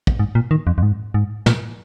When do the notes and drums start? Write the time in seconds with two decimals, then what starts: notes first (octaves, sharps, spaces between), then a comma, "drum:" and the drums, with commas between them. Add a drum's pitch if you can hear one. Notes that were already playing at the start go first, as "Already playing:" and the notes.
0.07 drum: kick
0.19 G#2
0.35 A#2
0.51 D#3
0.67 F2
0.78 F2
0.83 G#2
1.14 G#2
1.46 A#2, drum: snare